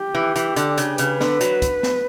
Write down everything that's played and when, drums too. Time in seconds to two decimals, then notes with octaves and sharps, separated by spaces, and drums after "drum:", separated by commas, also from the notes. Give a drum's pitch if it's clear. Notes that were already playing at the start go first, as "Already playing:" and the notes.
Already playing: G4
0.15 E3
0.36 E3, drum: hi-hat
0.56 D3, drum: hi-hat
0.78 C#3, drum: hi-hat
0.98 C#3 B4, drum: hi-hat
1.21 D3, drum: snare
1.41 F#3, drum: hi-hat
1.62 drum: kick, hi-hat
1.83 drum: snare